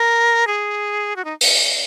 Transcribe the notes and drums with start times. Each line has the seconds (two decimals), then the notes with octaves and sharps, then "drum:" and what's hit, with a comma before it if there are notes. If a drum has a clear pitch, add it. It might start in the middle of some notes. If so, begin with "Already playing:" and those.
Already playing: A#4
0.47 G#4
1.16 F#4
1.24 D#4
1.41 drum: open hi-hat